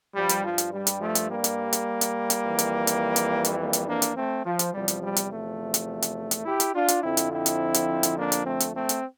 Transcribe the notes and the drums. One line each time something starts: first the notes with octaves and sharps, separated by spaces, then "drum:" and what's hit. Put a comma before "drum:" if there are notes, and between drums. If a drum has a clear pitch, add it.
G2 F3 G3
drum: hi-hat
F3
drum: hi-hat
G3
drum: hi-hat
F3 A3
drum: hi-hat
G3 A#3
drum: hi-hat
drum: hi-hat
drum: hi-hat
drum: hi-hat
F2 E3
drum: hi-hat
drum: hi-hat
drum: hi-hat
drum: hi-hat
G3 A#3
drum: hi-hat
A#3 D4
drum: hi-hat
A3 C4
F3
drum: hi-hat
E2 C3 F3 G3
drum: hi-hat
G3
drum: hi-hat
F3 A3
drum: hi-hat
drum: hi-hat
drum: hi-hat
E4 G4
drum: hi-hat
D4 F4
drum: hi-hat
F2 D3 F3 C4 E4
drum: hi-hat
C4 E4
drum: hi-hat
drum: hi-hat
drum: hi-hat
A#3 D4
drum: hi-hat
A3 C4
drum: hi-hat
A3 C4
drum: hi-hat